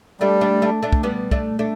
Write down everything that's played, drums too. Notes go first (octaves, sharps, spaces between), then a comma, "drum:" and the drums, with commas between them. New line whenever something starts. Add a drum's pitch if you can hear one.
G3 A3 D4
A3 D4
A3 D4
A3 D4
drum: kick
G3 B3
A3 D4, drum: kick
A3 D4